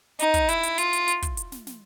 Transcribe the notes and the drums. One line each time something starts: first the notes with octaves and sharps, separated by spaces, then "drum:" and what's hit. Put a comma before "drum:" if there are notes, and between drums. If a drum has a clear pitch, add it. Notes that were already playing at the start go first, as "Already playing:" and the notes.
D#4, drum: hi-hat
drum: kick, hi-hat
E4, drum: hi-hat
drum: hi-hat
F4, drum: hi-hat
drum: hi-hat
drum: hi-hat
drum: kick, hi-hat
drum: hi-hat
drum: snare
drum: snare